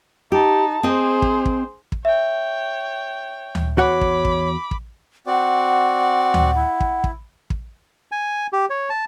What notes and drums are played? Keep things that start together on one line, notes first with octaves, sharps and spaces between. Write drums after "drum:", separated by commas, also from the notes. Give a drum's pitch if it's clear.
D#4 G4 A5
C4 G#4 C5 D#5
drum: kick
drum: kick
drum: kick
C#5 E5 G5
drum: tom D2
E2 F#4 C#5 F#5 B5 D6
drum: kick
drum: kick
drum: kick
C4 F#4 D5 F#5
drum: tom D2
E4
drum: kick
drum: kick
drum: kick
G#5
G4
C#5
A5